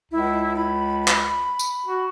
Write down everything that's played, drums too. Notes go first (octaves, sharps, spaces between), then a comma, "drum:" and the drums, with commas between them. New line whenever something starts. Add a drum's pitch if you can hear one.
C#2 E4
B5
drum: clap
drum: tambourine
F#4